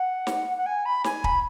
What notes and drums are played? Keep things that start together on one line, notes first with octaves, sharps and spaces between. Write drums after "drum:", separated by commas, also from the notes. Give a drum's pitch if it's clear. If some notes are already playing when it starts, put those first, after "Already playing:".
Already playing: F#5
drum: snare
F#5
G#5
B5
G#5, drum: snare
B5, drum: kick